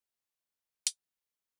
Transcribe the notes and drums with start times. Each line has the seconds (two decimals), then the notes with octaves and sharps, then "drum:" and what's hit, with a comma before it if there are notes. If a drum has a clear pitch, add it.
0.08 G6
0.87 B4, drum: hi-hat